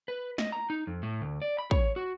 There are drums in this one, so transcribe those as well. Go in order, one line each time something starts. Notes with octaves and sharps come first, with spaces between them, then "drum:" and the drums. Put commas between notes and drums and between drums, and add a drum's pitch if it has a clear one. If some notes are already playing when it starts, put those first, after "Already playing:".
B4
D#5, drum: snare
A#5
D#4
F2
A2
D2
D5
B5
C#5, drum: kick
F#4